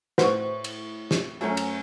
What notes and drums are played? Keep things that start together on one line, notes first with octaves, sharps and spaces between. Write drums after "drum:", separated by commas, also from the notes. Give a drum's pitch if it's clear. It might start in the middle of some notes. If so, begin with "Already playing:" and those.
A2 F#4 B4 C5 C#6, drum: snare
drum: cymbal
drum: snare
F#2 A3 C#4
drum: cymbal